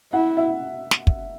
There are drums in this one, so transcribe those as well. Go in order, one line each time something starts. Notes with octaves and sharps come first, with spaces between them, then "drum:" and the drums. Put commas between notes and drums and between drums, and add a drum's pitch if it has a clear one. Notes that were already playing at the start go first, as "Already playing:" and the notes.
E4 F#5
E5
drum: snare
drum: kick